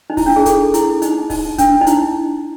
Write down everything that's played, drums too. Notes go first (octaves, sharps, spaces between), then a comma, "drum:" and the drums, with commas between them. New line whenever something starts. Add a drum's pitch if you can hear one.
D#4
E4, drum: kick, open hi-hat
D4
G#4
A4, drum: kick, hi-hat
E4, drum: hi-hat
D#4, drum: hi-hat
D#4, drum: kick, open hi-hat
D4, drum: kick, hi-hat
D#4
E4, drum: hi-hat